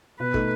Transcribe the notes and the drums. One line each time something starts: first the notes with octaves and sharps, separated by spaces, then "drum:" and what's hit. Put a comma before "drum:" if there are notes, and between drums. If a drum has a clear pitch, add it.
B2 B4
A3 D#4, drum: kick